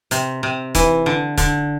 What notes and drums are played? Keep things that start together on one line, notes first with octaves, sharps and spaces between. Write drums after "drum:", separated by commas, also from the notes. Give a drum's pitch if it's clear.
C3, drum: hi-hat
C3
E3, drum: kick C#1, hi-hat
D3
D3, drum: kick C#1, hi-hat